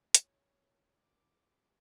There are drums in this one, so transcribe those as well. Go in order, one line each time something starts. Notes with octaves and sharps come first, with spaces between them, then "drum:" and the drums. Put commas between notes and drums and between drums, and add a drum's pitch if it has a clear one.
C#5, drum: hi-hat
D6